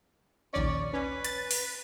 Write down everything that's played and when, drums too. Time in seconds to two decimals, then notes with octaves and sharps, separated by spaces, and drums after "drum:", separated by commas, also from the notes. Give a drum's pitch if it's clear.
0.53 A#1 D#2 C#4 D5
0.93 C#4 B4
1.25 A6, drum: hi-hat
1.51 drum: open hi-hat